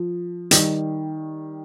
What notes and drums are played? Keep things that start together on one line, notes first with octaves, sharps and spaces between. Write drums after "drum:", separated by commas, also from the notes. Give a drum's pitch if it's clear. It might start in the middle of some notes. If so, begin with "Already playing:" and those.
Already playing: F3
D#3 G3, drum: hi-hat